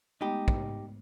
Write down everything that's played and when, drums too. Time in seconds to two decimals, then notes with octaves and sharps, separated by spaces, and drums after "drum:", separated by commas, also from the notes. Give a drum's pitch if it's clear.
0.21 G#3 A3 B3 D#4 G4
0.48 drum: kick